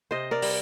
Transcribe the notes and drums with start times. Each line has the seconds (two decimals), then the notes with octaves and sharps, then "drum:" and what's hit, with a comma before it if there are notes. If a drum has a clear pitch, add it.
0.11 C3 C5 D#5
0.31 A#4 D5
0.42 G3, drum: open hi-hat